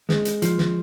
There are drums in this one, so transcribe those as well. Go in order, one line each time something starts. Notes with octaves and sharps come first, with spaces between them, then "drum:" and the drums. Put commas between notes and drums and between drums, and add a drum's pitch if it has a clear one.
G#3, drum: snare
drum: hi-hat
F3, drum: hi-hat
drum: snare